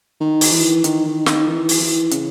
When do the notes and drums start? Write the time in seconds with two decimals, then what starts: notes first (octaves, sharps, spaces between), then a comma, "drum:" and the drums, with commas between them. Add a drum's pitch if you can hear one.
0.20 D#3
0.41 drum: open hi-hat
0.52 E3
0.84 D#3, drum: hi-hat
1.06 D#3
1.26 D#3, drum: snare
1.47 E3
1.69 drum: open hi-hat
1.80 E3
2.11 C#3, drum: hi-hat